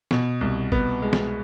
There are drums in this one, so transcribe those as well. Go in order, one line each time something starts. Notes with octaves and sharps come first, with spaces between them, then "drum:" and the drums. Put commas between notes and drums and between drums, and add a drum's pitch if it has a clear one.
B2, drum: snare
C2
B3, drum: kick G#1
G#3
drum: snare